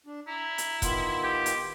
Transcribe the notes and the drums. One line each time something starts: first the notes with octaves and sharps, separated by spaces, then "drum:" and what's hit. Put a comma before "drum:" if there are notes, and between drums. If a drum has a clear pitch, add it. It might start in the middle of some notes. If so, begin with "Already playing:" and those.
D4
E4 A#5
drum: hi-hat
D#3 B3 F4, drum: kick F1, hi-hat
G4
drum: hi-hat